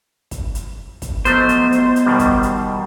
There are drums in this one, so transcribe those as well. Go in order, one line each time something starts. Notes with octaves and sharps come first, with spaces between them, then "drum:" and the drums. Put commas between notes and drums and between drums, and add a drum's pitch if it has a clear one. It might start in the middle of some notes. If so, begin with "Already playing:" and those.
drum: kick, hi-hat
drum: hi-hat
drum: kick, hi-hat
F3 F#3 A3 B3 C5 D#5, drum: hi-hat
drum: hi-hat
drum: hi-hat
drum: hi-hat
B2 D#3 G3
drum: kick, hi-hat
drum: hi-hat